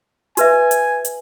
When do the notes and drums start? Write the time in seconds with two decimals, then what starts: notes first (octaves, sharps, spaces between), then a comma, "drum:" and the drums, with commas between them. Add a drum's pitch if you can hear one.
0.37 F#4 B4 E5 G#5, drum: hi-hat
0.71 drum: hi-hat
1.05 drum: hi-hat